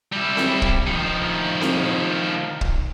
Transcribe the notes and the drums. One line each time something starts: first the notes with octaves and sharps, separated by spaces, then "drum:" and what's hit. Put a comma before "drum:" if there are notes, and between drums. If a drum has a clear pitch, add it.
G3 E4
drum: snare C4
drum: kick
D#3 F3
drum: snare C4
drum: kick